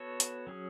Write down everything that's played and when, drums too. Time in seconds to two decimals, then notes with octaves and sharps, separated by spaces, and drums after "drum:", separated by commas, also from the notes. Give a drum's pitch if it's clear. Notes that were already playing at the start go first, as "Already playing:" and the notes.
Already playing: B3 F#4 A4 C#5
0.20 drum: hi-hat
0.47 F#3 C#4 G#4